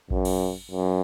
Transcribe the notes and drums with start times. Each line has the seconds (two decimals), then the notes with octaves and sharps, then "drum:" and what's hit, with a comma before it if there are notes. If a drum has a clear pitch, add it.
0.10 F#2, drum: kick A1
0.25 drum: cymbal
0.71 F#2